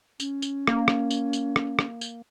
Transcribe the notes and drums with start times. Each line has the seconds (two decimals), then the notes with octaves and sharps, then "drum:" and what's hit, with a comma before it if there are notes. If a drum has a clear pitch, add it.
0.20 C#4, drum: tambourine
0.42 drum: tambourine
0.67 A#3, drum: rim click
0.88 drum: rim click
1.11 drum: tambourine
1.33 drum: tambourine
1.56 drum: rim click
1.79 drum: rim click
2.01 drum: tambourine